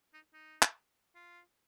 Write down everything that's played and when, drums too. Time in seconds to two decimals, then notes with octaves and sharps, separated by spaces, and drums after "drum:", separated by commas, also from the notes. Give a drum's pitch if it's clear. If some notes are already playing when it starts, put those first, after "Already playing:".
0.13 D#4
0.33 D#4
0.62 drum: clap
1.15 F4